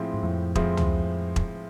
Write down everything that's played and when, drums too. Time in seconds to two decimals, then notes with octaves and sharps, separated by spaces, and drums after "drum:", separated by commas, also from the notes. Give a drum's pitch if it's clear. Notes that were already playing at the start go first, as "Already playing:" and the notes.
Already playing: A2 F3 G#3 C4 E4
0.13 G#2
0.23 F2 A2
0.55 F3 G#3 C4 E4, drum: kick E1
0.77 drum: tom C#2
1.36 drum: kick E1